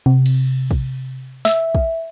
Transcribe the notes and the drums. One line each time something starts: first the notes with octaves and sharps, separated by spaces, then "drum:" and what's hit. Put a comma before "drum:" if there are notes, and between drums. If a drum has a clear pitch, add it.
C3
drum: cymbal
drum: kick
E5, drum: snare
drum: kick